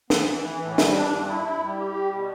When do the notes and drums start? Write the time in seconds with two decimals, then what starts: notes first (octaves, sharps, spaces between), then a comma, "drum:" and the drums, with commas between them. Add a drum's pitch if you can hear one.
0.10 B3, drum: snare
0.27 E3
0.43 E3
0.61 A2
0.78 G3, drum: snare
0.95 D4
1.11 G2
1.28 E4
1.45 E4
1.62 G3
1.78 G4
1.95 G3
2.12 B2